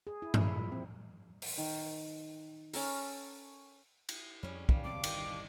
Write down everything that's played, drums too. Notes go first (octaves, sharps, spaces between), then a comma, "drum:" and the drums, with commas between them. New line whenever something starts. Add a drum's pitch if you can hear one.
G#4
E4
E4, drum: tom G2
A#2
C4
drum: open hi-hat
D#3
C#4 A4 A#4, drum: open hi-hat
drum: cymbal
F2 G3 C#4 G#4 C#5
E2 D#3 G3 C#4 F5 G5 A5, drum: kick
E2 C3 F#3 D6
G1 C3 D#3, drum: cymbal